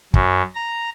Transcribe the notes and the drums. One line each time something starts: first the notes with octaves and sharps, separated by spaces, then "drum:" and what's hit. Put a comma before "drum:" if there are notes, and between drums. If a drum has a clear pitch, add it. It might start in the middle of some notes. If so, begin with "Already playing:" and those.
F#2, drum: kick
A#5